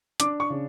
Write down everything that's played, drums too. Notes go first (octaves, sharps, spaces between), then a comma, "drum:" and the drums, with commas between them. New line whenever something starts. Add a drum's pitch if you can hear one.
D4 D6, drum: hi-hat
C#6
C#3